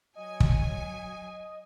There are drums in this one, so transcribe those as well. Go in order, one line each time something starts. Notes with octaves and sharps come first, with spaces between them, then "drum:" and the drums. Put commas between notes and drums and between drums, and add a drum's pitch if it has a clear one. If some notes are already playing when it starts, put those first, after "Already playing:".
F#3 D#5 G#5
drum: kick